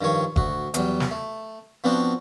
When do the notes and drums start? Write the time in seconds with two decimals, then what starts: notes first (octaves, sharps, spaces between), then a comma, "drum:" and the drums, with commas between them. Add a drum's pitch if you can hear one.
0.01 G2 D#3 F3 C#5 C#6
0.36 D2 F#4, drum: kick F#1
0.74 E2 F#3 G3, drum: hi-hat
1.00 drum: snare
1.11 A3
1.84 F3 B3 C4 D4 F4 F#4